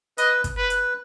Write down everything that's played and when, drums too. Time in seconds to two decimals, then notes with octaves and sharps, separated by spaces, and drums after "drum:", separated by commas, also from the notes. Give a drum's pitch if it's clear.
0.18 B4 D#5, drum: hi-hat
0.44 drum: kick, hi-hat
0.57 B4
0.70 B4, drum: hi-hat